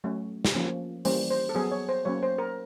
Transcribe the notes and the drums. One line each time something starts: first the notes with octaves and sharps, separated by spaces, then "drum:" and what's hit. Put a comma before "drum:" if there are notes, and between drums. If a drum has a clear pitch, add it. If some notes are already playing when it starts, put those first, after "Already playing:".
F#3 A3 C#4
drum: snare
F3 A#3 C#4
E3 G3 A#3 C#4 C5, drum: open hi-hat
C5
A4
F#3 B3 G#4
C#5
C5
F#3 A#3 C#4 C#5
C5
A#4